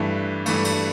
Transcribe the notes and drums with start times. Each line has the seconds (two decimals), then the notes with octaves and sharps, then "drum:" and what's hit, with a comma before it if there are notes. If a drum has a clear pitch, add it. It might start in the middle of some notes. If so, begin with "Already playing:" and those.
Already playing: G2 E3 A3
0.46 G2 E3 A3, drum: cymbal
0.65 drum: cymbal